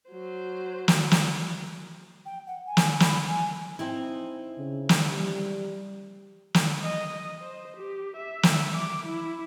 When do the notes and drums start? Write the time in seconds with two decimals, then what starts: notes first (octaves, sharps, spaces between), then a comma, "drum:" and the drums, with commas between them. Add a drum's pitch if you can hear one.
0.10 F#3 C5
0.88 drum: snare
1.11 drum: snare
2.25 G5
2.47 F#5
2.66 G#5
2.77 drum: snare
3.00 B5, drum: snare
3.26 G#5
3.79 C4 D#4 E4
4.58 C#3
4.89 drum: snare
5.09 G3
6.54 drum: snare
6.82 D#5
7.41 C5
7.77 G4
8.17 E5
8.43 drum: snare
8.76 D6
9.06 E4